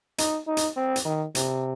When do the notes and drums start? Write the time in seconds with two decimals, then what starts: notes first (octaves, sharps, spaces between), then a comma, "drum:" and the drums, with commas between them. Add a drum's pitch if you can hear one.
0.18 D#4, drum: hi-hat
0.47 D#4
0.57 drum: hi-hat
0.76 C4
0.96 drum: hi-hat
1.05 D#3
1.35 C3, drum: hi-hat